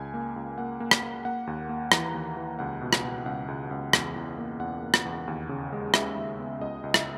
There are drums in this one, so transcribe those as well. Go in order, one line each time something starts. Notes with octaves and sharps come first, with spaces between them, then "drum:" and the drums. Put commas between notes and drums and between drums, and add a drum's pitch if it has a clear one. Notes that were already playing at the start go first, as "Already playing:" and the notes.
Already playing: C#2 G#5
A#3
C#2
A#3 F#5
A#3
drum: rim click
A#3
A#3 F#5
D#2
A#3
E3 A#5, drum: rim click
D#2
E3
C#2 F#5
B2
drum: rim click
B2
C#2 F#5
C#2
C#2
E2, drum: rim click
E2
A#3
E2 F#5
A#3
drum: rim click
E2
D#2
C#3
G#3
G#3 E5, drum: rim click
D#2
B3
C#2 D#5
C#2
E5, drum: rim click